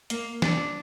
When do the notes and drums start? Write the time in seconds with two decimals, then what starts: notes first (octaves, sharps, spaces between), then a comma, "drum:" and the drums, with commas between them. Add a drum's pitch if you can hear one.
0.10 A#3, drum: hi-hat
0.42 D4, drum: snare